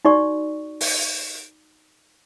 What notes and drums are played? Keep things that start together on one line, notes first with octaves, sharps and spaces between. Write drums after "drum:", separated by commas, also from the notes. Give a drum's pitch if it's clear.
D#4 F#4 D5 C#6
drum: open hi-hat